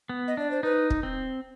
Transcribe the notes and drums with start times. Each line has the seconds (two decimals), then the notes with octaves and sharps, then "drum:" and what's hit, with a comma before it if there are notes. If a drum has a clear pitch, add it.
0.09 B3
0.28 D#5
0.37 D4 D5
0.51 C5
0.63 D#4 B4
0.90 drum: kick
1.03 C4